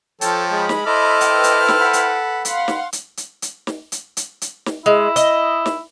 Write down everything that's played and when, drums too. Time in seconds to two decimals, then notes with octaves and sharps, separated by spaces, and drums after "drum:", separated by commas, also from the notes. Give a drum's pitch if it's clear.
0.21 F3 A4 C#5 G5 A5, drum: hi-hat
0.52 G#3 B5
0.69 drum: snare
0.86 E4 A4 C5 D#5 D6 F6
1.21 B4 G5, drum: hi-hat
1.44 drum: hi-hat
1.68 drum: snare
1.80 F#5 B5
1.93 drum: hi-hat
2.45 F5 F#5 B5 C6, drum: hi-hat
2.68 drum: snare
2.93 drum: hi-hat
3.17 drum: hi-hat
3.42 drum: hi-hat
3.67 drum: snare
3.92 drum: hi-hat
4.17 drum: hi-hat
4.41 drum: hi-hat
4.66 drum: snare
4.86 G#3 E4
5.16 D#5, drum: hi-hat
5.66 drum: snare